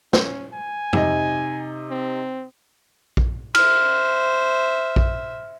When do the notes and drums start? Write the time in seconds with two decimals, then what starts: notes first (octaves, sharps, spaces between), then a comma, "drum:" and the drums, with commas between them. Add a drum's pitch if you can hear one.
0.13 C#4, drum: snare
0.53 G#5
0.93 C3 D#4 D#5, drum: tom
1.90 C4
3.17 drum: kick A#1
3.55 C5 E5 F6, drum: cymbal
4.96 drum: kick A#1